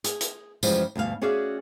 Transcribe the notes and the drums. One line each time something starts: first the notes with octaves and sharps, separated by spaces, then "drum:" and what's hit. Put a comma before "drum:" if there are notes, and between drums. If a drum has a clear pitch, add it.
G#4, drum: hi-hat
drum: hi-hat
F#2 C#3 E3 F3 G3 G#3, drum: tambourine
D2 G2 B2 F5
C#4 F#4 G#4 D5 E5 F5